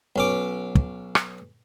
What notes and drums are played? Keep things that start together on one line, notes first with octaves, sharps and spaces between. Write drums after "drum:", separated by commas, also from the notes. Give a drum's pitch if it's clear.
B1 C#4 D6
drum: kick
drum: rim click